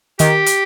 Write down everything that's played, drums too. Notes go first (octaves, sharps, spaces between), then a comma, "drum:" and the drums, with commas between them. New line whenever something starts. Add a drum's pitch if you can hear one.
D#3 G4, drum: hi-hat
drum: hi-hat